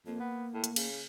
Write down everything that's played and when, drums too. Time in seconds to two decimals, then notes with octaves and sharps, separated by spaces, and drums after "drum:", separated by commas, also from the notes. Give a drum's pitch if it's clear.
0.06 F2 A#3
0.20 B3
0.54 A2
0.64 drum: hi-hat
0.76 C#3, drum: cymbal